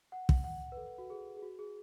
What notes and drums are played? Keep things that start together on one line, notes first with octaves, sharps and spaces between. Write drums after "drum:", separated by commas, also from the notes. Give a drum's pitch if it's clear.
F#5
drum: kick
F#5
B4
A4
F#4
G#4
G#4
F#4
G#4